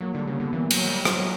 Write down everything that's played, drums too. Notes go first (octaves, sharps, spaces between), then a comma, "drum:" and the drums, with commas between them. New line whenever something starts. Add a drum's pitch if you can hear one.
F#3 A#3
D3 G3
C#3 A#3
D3 B3
E3 A#3
F#3, drum: cymbal
G3
F#3, drum: rim click